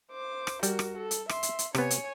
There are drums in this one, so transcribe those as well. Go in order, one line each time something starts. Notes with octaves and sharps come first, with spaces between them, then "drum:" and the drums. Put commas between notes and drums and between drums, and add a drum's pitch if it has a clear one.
C5 D6
drum: rim click
G3 F#4 A#4, drum: hi-hat
drum: rim click
A4
drum: hi-hat
E5 C6, drum: rim click
drum: hi-hat
drum: hi-hat
C3 B3 C#5 G#5, drum: rim click
drum: hi-hat